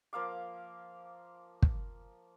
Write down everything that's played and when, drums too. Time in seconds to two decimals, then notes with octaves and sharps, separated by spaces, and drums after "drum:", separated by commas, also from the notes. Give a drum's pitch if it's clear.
0.13 F3 A#3 F5 D6
1.62 drum: kick